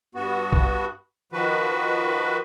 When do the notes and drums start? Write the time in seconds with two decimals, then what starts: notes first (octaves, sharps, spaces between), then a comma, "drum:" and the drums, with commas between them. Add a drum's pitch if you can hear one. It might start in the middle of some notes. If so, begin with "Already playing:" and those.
0.15 G2 B3 F#4
0.52 drum: kick B1
1.32 D#3 F3 F#4 B4